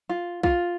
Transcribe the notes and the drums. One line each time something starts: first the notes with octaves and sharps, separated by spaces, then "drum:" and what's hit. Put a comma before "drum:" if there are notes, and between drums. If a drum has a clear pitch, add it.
F4
F4, drum: kick